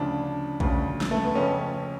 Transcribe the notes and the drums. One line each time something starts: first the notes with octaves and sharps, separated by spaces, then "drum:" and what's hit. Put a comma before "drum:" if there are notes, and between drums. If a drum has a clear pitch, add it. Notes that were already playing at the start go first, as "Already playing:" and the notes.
Already playing: D2 C#3 F3 D4
D2 C#3 F3, drum: kick A#1
drum: snare
A3
B3
F2 C#3 F3 C#4